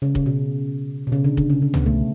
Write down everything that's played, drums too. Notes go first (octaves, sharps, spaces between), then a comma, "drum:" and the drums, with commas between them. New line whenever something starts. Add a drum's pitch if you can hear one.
C#3
C#3, drum: kick
B2
B2
C#3
D3
D3, drum: kick
C#3
D3
B2 B3, drum: tom C#2
A3